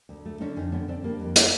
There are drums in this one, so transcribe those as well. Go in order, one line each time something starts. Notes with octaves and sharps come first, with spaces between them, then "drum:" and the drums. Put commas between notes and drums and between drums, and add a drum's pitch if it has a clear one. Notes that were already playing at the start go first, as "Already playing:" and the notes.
D2
A3
D3 C#4 D#4
F2 C#4 D#4
D3 B3 C#4
D3 C4 D4
G3 A#3
F2
drum: hi-hat